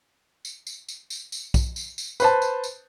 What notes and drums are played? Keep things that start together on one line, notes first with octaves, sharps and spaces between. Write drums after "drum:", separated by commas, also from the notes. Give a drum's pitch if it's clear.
drum: tambourine
drum: tambourine
drum: tambourine
drum: tambourine
drum: tambourine
drum: kick B1, tambourine
drum: tambourine
drum: tambourine
B4 C5 A5, drum: tambourine
drum: tambourine
drum: tambourine